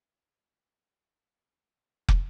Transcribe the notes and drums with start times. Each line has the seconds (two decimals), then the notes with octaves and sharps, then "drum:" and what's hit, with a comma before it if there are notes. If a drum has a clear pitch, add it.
0.09 G4 F#5 F6
0.22 A#3 C#4 G#4 A4 E5 F#5
0.54 C5
0.88 F#4 G#4 G5 A5
1.04 G#3 A4 E6
1.55 G#5
2.09 drum: kick